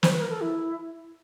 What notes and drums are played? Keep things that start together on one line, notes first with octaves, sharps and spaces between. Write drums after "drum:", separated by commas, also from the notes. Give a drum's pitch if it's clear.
C5, drum: snare
B4
A#4
A4
E4